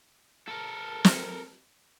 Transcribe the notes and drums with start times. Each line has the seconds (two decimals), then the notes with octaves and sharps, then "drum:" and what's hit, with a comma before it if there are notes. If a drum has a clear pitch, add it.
0.48 A4 A#4
1.04 drum: snare